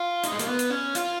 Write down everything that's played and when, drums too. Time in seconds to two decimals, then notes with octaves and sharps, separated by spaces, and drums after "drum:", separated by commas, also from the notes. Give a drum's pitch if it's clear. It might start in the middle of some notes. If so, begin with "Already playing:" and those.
Already playing: F4
0.24 D#4, drum: hi-hat
0.32 G#3
0.39 A#3, drum: hi-hat
0.47 B3
0.59 drum: hi-hat
0.70 C#4
0.95 F4, drum: hi-hat